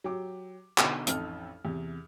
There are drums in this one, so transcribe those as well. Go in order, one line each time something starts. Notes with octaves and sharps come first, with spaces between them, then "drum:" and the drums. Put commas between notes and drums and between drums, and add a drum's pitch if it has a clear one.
F#3 G4 D6
B2 D3 D#4, drum: clap
A1 F2 D#4 A4 F6, drum: hi-hat
E2 C3